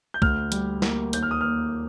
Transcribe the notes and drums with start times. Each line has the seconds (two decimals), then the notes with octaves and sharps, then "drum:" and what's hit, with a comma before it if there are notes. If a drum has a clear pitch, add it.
0.14 G6
0.22 D2 F6, drum: kick B1
0.52 G3, drum: hi-hat
0.82 A#3, drum: snare
1.13 D#2 G6, drum: hi-hat
1.23 F6
1.31 D#6
1.41 A#3 F6